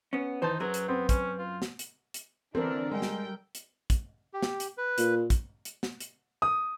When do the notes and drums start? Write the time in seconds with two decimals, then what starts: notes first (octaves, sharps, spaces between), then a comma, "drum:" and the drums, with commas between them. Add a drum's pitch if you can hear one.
0.13 B3 C#4
0.42 D#3 E3 D#4 B4 C5 A5
0.60 F#2 F#3 G#4 A#4 B4
0.74 drum: hi-hat
0.88 B3 C4
1.09 C#4, drum: kick, hi-hat
1.39 F4
1.62 drum: snare
1.79 drum: hi-hat
2.14 drum: hi-hat
2.55 D3 E3 A#3 C4 D4 A4 A#4
2.91 G3 G#3 G5
3.02 drum: snare
3.55 drum: hi-hat
3.90 drum: kick, hi-hat
4.33 G4
4.43 drum: snare
4.60 drum: hi-hat
4.78 B4
4.98 A#2, drum: hi-hat
5.30 drum: kick, hi-hat
5.65 drum: hi-hat
5.83 drum: snare
6.00 drum: hi-hat
6.42 D#6